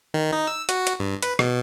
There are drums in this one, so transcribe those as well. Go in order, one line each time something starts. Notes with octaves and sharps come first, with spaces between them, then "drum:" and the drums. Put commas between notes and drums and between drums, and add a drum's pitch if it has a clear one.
D#3
D#4
E6
F#4, drum: hi-hat
drum: hi-hat
G2
B4, drum: hi-hat
B2, drum: rim click